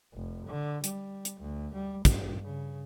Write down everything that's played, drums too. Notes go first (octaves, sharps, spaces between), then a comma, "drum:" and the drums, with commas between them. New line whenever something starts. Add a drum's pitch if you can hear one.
F1
D3
G3, drum: hi-hat
drum: hi-hat
D2
G3
G2, drum: kick, hi-hat
C#3